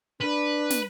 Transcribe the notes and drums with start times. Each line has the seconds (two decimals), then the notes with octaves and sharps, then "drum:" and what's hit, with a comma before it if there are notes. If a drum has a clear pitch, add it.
0.21 D4 B4
0.70 drum: snare